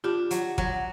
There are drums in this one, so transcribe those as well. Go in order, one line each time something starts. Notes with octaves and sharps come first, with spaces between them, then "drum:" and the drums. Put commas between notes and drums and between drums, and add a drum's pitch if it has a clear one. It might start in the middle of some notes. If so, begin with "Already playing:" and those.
D4 F4 G4
F#3, drum: hi-hat
F#3, drum: kick